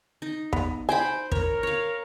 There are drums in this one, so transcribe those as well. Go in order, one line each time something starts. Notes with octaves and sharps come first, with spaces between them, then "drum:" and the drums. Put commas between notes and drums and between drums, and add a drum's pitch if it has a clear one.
D#4
B3, drum: kick
C5 G5 G#5 B5
A#4 C#5, drum: kick
C#5 F5